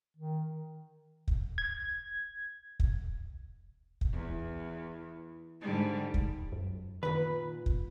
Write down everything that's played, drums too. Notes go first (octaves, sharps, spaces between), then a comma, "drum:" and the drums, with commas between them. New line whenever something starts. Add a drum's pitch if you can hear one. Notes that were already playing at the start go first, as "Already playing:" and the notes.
D#3
drum: kick
G#6
drum: kick
drum: kick
E2
G#2 D3 G3
drum: kick
F#2
A#2 D#3 B4
drum: kick